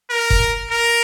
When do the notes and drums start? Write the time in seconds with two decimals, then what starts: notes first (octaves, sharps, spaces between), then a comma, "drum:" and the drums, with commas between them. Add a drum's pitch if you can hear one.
0.11 A#4
0.30 drum: kick F#1
0.71 A#4